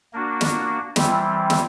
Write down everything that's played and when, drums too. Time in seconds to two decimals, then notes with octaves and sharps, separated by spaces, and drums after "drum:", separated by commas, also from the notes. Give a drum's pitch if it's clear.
0.13 A#3 D4 F#4
0.41 drum: snare
0.96 E3 G3 C4, drum: snare
1.50 drum: snare